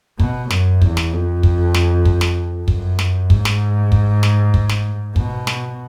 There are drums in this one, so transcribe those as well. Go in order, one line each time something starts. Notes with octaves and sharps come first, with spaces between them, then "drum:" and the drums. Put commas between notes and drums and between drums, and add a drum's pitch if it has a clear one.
B2, drum: kick
F#2, drum: snare
E2, drum: kick
drum: snare
F2
drum: kick
drum: snare
drum: kick
drum: snare
F#2, drum: kick
drum: snare
G#2, drum: kick
drum: snare
drum: kick
drum: snare
drum: kick
drum: snare
B2, drum: kick
drum: snare